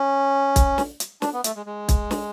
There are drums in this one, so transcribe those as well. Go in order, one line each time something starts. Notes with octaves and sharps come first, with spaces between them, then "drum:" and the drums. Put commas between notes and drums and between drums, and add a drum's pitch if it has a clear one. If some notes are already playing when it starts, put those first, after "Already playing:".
Already playing: C#4
drum: kick, hi-hat
drum: snare
drum: hi-hat
D4, drum: snare
B3
A3, drum: hi-hat
G#3
G#3
drum: kick, hi-hat
drum: snare